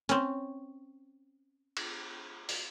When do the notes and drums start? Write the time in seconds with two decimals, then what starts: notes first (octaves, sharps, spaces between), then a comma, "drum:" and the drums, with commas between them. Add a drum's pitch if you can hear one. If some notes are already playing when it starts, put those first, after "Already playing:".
0.09 C4 C#4, drum: hi-hat
1.77 drum: cymbal
2.49 drum: open hi-hat